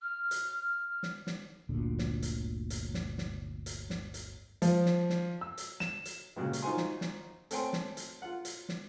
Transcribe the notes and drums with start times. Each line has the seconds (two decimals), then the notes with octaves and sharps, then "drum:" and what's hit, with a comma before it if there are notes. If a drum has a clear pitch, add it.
0.02 F6
0.31 drum: hi-hat
1.03 drum: snare
1.27 drum: snare
1.69 G1 D2 A#2 D3
1.99 drum: snare
2.22 drum: hi-hat
2.70 drum: hi-hat
2.94 drum: snare
3.18 drum: snare
3.66 drum: hi-hat
3.90 drum: snare
4.14 drum: hi-hat
4.62 F3, drum: hi-hat
4.86 drum: snare
5.10 drum: snare
5.41 E6
5.58 drum: hi-hat
5.80 E7, drum: snare
6.05 drum: hi-hat
6.36 G2 A#2 C#3 F#3 G#3
6.53 drum: hi-hat
6.63 D#4 F4 F#4 C5 G#5 C6
6.77 drum: snare
7.01 drum: snare
7.51 A3 C4 C#5 G5 G#5 C6, drum: hi-hat
7.73 drum: snare
7.97 drum: hi-hat
8.22 F4 F#5
8.45 drum: hi-hat
8.69 drum: snare